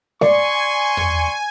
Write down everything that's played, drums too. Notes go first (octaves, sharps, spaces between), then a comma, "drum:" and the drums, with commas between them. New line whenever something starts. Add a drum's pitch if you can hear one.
D5 G#5 C6 C#6, drum: snare G#3
drum: tom E2